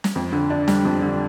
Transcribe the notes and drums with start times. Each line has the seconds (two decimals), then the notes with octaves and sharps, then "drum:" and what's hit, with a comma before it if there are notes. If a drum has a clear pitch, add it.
0.04 drum: snare
0.16 F2
0.33 D3
0.50 D4
0.68 G3, drum: snare
0.85 F2
1.02 D3